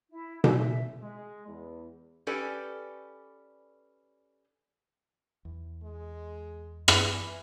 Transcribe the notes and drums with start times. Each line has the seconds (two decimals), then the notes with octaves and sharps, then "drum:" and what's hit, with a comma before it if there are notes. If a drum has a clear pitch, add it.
0.11 E4
0.44 E6, drum: tom B2
0.57 E5
1.02 G#3
1.48 E2
2.27 C#4 G4 A4 B4 D5 G#5
5.45 E2
5.83 G#3
6.88 drum: rim click
7.07 E3